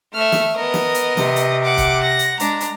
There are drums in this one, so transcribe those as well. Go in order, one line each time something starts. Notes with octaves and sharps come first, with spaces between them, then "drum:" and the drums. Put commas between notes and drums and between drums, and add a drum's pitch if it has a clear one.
A3 E5 F6
drum: snare
B3 A#4 D#5
drum: snare
drum: hi-hat
C3, drum: snare
drum: hi-hat
F#5 D6
drum: kick, hi-hat
A#6
drum: hi-hat
G#3 D4 A#5, drum: hi-hat
drum: hi-hat